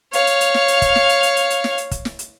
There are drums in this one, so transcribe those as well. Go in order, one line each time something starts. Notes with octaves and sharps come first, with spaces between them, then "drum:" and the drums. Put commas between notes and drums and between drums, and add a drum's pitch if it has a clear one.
C#5 F5, drum: hi-hat
drum: hi-hat
drum: hi-hat
drum: snare
drum: hi-hat
drum: kick, hi-hat
drum: snare
drum: hi-hat
drum: hi-hat
drum: hi-hat
drum: hi-hat
drum: snare
drum: hi-hat
drum: kick, hi-hat
drum: snare
drum: hi-hat